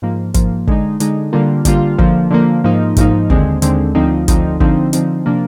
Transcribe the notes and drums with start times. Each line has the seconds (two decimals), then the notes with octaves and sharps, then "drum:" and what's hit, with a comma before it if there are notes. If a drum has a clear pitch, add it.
0.02 G#2 F3 A#3
0.34 G#2 F3 A#3, drum: kick, hi-hat
0.67 D3 G#3 D#4, drum: kick
1.00 D3 G#3 D#4, drum: hi-hat
1.33 D3 G3 A#3 F4
1.65 D3 G3 A#3 F4, drum: kick, hi-hat
1.98 D3 F3 A#3, drum: kick
2.31 D3 F3 A#3
2.64 G#2 F3 A#3 D#4
2.97 G#2 F3 A#3 D#4, drum: kick, hi-hat
3.30 D#2 D3 G#3 C4, drum: kick
3.62 D#2 D3 G#3 C4, drum: hi-hat
3.95 D2 D3 F3 C4 D#4
4.28 D2 D3 F3 C4 D#4, drum: kick, hi-hat
4.60 D3 F3 C4 D#4, drum: kick
4.93 D3 F3 C4 D#4, drum: hi-hat
5.26 C3 F3 A#3 D4